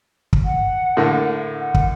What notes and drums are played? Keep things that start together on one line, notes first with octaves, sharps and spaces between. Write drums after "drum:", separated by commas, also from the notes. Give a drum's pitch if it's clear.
drum: kick
F#5
A2 D3 A#3
F#5
drum: kick